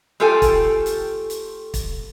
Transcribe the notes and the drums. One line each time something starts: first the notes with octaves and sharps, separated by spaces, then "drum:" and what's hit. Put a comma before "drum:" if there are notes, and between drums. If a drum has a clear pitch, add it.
A3 F4 G4 A4 G#5
drum: kick, hi-hat
drum: hi-hat
drum: hi-hat
drum: kick, hi-hat